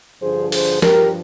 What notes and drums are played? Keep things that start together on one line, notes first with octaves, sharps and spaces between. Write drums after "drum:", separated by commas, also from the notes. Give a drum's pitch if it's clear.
G2 D3 F3 G#4 C5
G#4 C5, drum: open hi-hat
G2 F3 G4 A#4, drum: snare